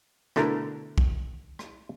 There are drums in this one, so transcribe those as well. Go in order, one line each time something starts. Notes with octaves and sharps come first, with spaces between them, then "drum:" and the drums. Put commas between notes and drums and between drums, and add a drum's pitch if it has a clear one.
B2 D3 A3 D4 E4 A#4, drum: rim click
drum: kick B1
drum: rim click